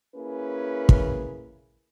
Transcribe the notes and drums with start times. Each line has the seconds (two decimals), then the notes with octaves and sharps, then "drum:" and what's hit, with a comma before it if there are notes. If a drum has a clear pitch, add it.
0.16 A#3 C#4 E4 G#4 B4
0.89 drum: kick